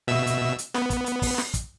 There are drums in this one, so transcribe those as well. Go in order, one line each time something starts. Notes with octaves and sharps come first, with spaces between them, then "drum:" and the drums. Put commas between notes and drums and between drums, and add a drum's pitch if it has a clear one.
B2 E5 E6
drum: hi-hat
drum: hi-hat
B3, drum: snare
drum: kick, hi-hat
drum: hi-hat
drum: kick, open hi-hat
drum: snare
drum: kick, hi-hat